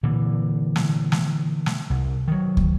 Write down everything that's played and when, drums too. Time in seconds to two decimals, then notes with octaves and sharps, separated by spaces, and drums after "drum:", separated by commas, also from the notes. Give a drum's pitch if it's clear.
0.03 A#2 D3 E3
0.76 drum: snare
1.12 drum: snare
1.66 drum: snare
1.90 C2
2.28 D#3 F#3
2.57 drum: kick